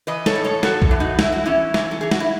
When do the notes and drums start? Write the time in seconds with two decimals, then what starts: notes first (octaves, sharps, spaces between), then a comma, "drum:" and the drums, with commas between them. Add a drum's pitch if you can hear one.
0.07 E3 B4 D#5
0.26 A4 C#5, drum: snare
0.36 A2
0.44 A4 C#5
0.63 A2 F#4 A4, drum: snare
0.82 drum: kick A#1
0.91 E3
1.00 D#4 F#4
1.19 E3 E4, drum: snare
1.33 F#4
1.46 E3 C#4 E4
1.74 E3, drum: snare
1.91 A4
2.01 E3 G#4
2.11 F#4, drum: snare
2.20 E4